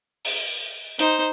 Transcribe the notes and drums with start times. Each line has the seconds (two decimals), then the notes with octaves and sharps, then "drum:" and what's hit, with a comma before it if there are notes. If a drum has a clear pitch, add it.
0.25 drum: open hi-hat
0.99 D#4 C5, drum: hi-hat